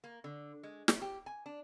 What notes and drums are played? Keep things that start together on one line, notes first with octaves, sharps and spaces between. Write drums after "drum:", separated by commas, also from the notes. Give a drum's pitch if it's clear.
A#3
D3
G#3
F#2, drum: snare
G4
G#5
D4